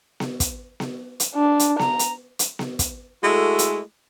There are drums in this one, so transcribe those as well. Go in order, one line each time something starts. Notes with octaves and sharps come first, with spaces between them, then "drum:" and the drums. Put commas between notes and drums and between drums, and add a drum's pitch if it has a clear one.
drum: snare B3
drum: kick, hi-hat
drum: snare B3
drum: hi-hat
D4
drum: hi-hat
A#5, drum: snare B3
drum: hi-hat
drum: hi-hat
drum: snare B3
drum: kick, hi-hat
G#3 A3 E4 F#4 A4
drum: hi-hat